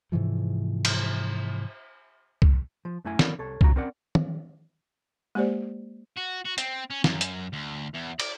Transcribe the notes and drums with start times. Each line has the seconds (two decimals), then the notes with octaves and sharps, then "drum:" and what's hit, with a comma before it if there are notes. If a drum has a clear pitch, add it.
0.12 G#2 C3 E3 F3
0.85 drum: cymbal
2.42 drum: kick C2
2.85 F3
3.05 F#2 A3 E4 G#5
3.19 D3 F3 B3 A#4 D5, drum: snare
3.39 C2 A4 C#5
3.61 B1 E2 C#3 F3 F#4 A#5, drum: kick C2
3.76 C4 C#4 A#4 D5 F#5
4.15 drum: tom
5.35 G#3 A#3 G4 C5 D5
6.17 F#4
6.45 F#4
6.58 C4, drum: hi-hat
6.90 C#4
7.04 F#2, drum: snare
7.21 drum: hi-hat
7.53 D2
7.94 E2
8.20 D5, drum: cymbal